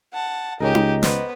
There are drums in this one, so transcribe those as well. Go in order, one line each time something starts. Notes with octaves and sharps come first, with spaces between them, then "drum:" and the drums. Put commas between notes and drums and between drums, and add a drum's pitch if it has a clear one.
F#5 A5
C#2 C#4 D#4 G4 G#4 A#4 D#5
drum: tom D#4
B3 B4 C5 D5 G5, drum: snare